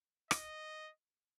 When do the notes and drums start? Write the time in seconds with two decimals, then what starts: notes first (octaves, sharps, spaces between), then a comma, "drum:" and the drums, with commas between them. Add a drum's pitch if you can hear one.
0.31 D#5, drum: rim click